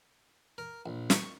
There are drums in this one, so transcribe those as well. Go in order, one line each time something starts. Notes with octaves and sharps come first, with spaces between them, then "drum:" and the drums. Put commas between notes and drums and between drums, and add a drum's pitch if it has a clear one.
A#4
A#1
C#6, drum: snare